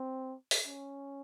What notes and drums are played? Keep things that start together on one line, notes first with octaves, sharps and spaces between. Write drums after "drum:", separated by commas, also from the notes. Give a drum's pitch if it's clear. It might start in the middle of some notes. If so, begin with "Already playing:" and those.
Already playing: C4
drum: open hi-hat
C#4